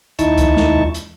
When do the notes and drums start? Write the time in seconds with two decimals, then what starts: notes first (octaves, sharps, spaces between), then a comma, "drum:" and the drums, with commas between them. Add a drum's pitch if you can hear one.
0.19 D#2 D#4 E4 A5 C#6, drum: hi-hat
0.38 drum: kick C#2, hi-hat
0.57 drum: snare
0.76 drum: tom E2
0.94 drum: hi-hat